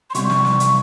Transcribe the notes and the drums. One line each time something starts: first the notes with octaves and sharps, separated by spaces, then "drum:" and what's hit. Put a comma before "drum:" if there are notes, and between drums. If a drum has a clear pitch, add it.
C6
C3 G3 C4 C#6, drum: hi-hat
drum: snare
drum: snare
drum: hi-hat